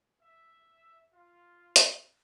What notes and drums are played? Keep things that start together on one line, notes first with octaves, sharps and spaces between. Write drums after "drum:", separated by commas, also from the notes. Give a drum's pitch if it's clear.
E5
F4
drum: hi-hat